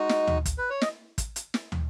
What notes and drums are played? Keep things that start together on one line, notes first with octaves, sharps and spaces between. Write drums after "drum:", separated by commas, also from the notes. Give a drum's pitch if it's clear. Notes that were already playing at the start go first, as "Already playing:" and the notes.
Already playing: G#3 D#4 F#4
drum: snare
drum: tom
drum: kick, hi-hat
B4
C#5
D#5, drum: snare
drum: kick, hi-hat
drum: hi-hat
drum: snare
drum: tom